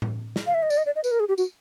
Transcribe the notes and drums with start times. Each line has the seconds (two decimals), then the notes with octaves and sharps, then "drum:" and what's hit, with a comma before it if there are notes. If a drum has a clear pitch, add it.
0.02 drum: tom A2
0.36 drum: snare
0.47 F5
0.54 E5
0.63 D#5
0.70 D5, drum: tambourine
0.78 D#5
0.86 D5
0.96 D#5
1.04 B4, drum: tambourine
1.11 A#4
1.20 G#4
1.29 G4
1.38 F#4, drum: tambourine